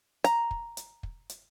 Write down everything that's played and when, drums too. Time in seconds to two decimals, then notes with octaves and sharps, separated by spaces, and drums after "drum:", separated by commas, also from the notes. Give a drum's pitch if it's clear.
0.24 A#5, drum: hi-hat
0.51 drum: kick
0.77 drum: hi-hat
1.03 drum: kick
1.30 drum: hi-hat